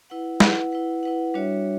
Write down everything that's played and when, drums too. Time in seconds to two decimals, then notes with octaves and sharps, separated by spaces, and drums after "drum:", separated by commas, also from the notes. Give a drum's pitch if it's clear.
0.10 E4 B4 F#5
0.40 E4 B4 F#5, drum: snare
0.72 E4 B4 F#5
1.03 E4 B4 F#5
1.34 G3 D4 F#4 C#5 E5